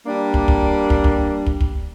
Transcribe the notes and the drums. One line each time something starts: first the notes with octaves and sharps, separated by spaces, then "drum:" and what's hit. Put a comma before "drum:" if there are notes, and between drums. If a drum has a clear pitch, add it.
G3 A#3 D4
drum: kick
drum: kick
drum: kick
drum: kick
drum: kick
drum: kick